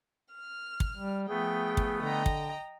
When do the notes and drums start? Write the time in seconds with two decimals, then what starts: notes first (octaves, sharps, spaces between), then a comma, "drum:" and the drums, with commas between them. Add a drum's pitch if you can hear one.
0.34 F6
0.80 drum: kick
0.96 G3
1.29 F3 A3 B3 G#4 G5
1.77 drum: kick
2.01 D3 D#5 G5 A#5
2.26 drum: kick